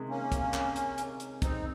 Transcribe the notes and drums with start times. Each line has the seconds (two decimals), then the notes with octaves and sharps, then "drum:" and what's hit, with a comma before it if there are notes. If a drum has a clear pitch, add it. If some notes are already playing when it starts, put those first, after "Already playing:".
Already playing: C3 D#3 G#3
0.09 A#3 C#4
0.32 drum: kick, hi-hat
0.54 drum: clap
0.76 drum: hi-hat
0.98 drum: hi-hat
1.20 drum: hi-hat
1.42 C4 D#4, drum: kick, hi-hat